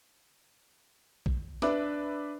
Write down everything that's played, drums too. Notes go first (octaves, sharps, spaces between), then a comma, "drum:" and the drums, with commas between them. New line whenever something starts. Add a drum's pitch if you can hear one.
drum: kick A#1
D4 B4 E5 D6, drum: snare